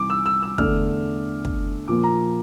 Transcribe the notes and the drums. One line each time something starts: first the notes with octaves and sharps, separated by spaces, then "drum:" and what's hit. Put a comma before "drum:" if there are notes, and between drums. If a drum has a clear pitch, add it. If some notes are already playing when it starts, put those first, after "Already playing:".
Already playing: C2 C3 E3 D6
E6
E6
E6
E2 D3 A3 D4 F6, drum: kick
drum: kick
A#2 F3 A#3 D6
A#5